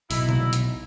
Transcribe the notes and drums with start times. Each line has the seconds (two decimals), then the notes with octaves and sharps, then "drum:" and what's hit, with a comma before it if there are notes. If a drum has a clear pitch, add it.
0.11 B1 D#4 E4, drum: open hi-hat
0.29 drum: tom B2
0.53 drum: hi-hat